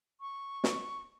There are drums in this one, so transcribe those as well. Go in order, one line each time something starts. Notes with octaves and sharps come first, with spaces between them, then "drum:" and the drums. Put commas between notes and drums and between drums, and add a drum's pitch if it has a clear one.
C#6
drum: snare